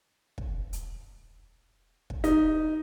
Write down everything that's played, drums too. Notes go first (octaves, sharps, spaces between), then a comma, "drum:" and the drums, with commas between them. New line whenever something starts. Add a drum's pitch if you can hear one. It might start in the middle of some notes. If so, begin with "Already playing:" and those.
drum: kick
drum: hi-hat
drum: kick
D#4, drum: hi-hat